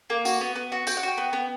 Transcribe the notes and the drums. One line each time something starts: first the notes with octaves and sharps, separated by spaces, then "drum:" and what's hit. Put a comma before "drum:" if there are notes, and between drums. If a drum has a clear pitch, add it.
A#3
F#4, drum: tambourine
B3
B3
F#4
F#4 G5, drum: tambourine
F#5
F#4 G5
B3
B3